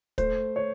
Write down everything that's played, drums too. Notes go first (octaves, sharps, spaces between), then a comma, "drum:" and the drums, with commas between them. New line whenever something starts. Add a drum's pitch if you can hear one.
A3 C5, drum: kick, hi-hat
C#5